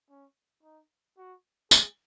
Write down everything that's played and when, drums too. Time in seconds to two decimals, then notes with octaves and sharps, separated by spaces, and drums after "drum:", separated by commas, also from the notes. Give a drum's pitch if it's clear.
0.09 C#4
0.63 D#4
1.17 F#4
1.71 G#4, drum: tambourine